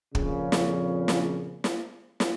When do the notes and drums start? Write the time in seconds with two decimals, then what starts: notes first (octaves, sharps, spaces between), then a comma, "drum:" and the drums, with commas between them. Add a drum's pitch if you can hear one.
0.15 F2 A#2 C#3, drum: kick
0.52 drum: snare
1.08 drum: snare
1.64 drum: snare
2.20 drum: snare